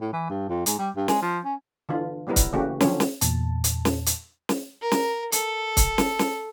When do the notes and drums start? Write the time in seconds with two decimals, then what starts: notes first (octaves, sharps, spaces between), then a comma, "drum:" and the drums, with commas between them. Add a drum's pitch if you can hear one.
0.01 A2
0.13 E3
0.30 G2
0.49 F2
0.66 G#2, drum: hi-hat
0.78 G3
0.96 G2
1.08 G#3, drum: snare
1.22 F3
1.44 C#4
1.89 D3 E3 F4
2.27 F#3 G3 B3 E4 A#4
2.36 drum: kick, hi-hat
2.53 C#3 E3 A3 A#3 F#4 G4
2.80 D3 F3 F#3 C4 C#4, drum: snare
3.00 drum: snare
3.21 E2 A#2 A5, drum: hi-hat
3.64 drum: hi-hat
3.85 drum: snare
4.06 drum: hi-hat
4.49 drum: snare
4.82 A#4
4.92 drum: snare
5.32 A4, drum: hi-hat
5.77 drum: kick, hi-hat
5.98 drum: snare
6.19 drum: snare